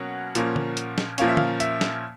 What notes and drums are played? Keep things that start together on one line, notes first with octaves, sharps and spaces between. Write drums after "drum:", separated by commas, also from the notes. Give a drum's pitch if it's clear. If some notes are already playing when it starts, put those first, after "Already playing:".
Already playing: B2 F#3 A#3 C#4 F#5
A#2 F3 A#3 C#4, drum: hi-hat
drum: tom
drum: hi-hat
drum: snare
A#2 F3 A#3 C#4 F5, drum: hi-hat
E5
F5, drum: tom
E5, drum: hi-hat
drum: snare